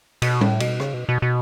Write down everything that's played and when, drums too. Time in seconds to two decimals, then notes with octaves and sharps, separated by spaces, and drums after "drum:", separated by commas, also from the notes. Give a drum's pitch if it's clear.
0.22 B2, drum: cymbal
0.41 A2, drum: tom G3
0.60 B2, drum: cymbal
0.80 C#3, drum: rim click
0.94 B2
1.09 B2
1.22 B2